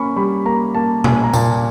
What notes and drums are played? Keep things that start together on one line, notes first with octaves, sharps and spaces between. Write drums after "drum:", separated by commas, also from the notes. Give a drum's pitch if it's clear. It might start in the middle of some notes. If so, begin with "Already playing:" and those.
Already playing: A#3 C#4 B5 C#6
G3 B5
A#3 A#5
A#3 A5
A#2 G#5, drum: tom B2
A#5
A#2 A5, drum: tambourine